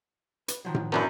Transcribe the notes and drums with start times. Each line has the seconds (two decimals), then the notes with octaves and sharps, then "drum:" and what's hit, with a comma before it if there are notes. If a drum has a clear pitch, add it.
0.48 B4, drum: hi-hat
0.65 D#3 F3 F#3
0.74 drum: tom A2
0.92 F#2 B3 D4 E4